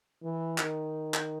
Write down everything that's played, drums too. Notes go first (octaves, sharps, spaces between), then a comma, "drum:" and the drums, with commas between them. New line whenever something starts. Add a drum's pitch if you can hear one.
E3
D#3, drum: clap
drum: clap